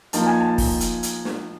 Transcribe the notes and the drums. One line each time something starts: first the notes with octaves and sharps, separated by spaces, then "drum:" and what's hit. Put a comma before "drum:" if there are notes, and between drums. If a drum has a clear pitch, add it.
F3 A#3 D#4 A5, drum: hi-hat
G#5
A5
drum: kick, open hi-hat
drum: hi-hat
drum: hi-hat
drum: snare